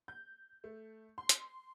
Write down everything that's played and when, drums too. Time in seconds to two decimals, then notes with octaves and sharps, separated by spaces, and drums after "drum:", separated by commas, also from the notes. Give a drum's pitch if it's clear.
0.08 G6
0.64 A3
1.18 C6
1.29 drum: hi-hat